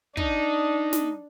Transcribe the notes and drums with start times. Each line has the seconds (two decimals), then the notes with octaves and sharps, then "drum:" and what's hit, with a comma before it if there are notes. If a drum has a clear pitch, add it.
0.17 D4 D#4, drum: kick
0.93 drum: snare